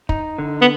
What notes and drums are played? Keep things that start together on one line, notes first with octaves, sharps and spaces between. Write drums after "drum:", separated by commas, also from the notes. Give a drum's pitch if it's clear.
D#4, drum: kick
D3
B3